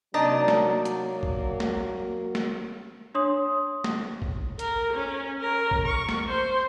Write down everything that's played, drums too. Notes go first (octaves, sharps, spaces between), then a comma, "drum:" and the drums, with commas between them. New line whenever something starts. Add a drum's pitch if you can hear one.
C3 F#3 A#3 D4 D#4 A5
drum: snare
drum: hi-hat
drum: kick
drum: snare
drum: snare
D4 C#5 C6 D#6
drum: snare
drum: kick
A#4, drum: hi-hat
C#4
A#4
drum: kick
C#6
drum: snare
C5